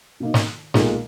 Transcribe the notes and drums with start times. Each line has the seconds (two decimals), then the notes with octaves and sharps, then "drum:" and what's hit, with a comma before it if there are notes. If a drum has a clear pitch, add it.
0.20 B2 A#3 D#4
0.34 drum: snare
0.74 B1 A#2 G#3 D#4 A#4, drum: snare